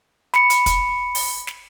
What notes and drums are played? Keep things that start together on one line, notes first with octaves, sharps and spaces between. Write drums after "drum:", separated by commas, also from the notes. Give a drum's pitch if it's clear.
B5 C#7, drum: snare
drum: hi-hat
drum: kick, hi-hat
drum: open hi-hat
drum: snare